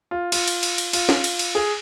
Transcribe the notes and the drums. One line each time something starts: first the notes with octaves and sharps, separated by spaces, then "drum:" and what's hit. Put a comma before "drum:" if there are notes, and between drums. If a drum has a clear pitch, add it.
F4
F4, drum: cymbal
drum: cymbal
drum: cymbal
drum: cymbal
F4, drum: cymbal
drum: snare
drum: cymbal
drum: cymbal
G#4